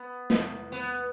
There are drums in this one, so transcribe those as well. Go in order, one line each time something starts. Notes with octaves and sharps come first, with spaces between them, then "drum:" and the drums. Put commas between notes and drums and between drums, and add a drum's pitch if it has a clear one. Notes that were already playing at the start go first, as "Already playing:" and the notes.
Already playing: B3
drum: snare
B3